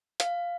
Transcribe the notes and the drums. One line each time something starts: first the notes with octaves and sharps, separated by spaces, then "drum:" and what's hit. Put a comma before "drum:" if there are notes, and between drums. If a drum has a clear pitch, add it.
F5, drum: hi-hat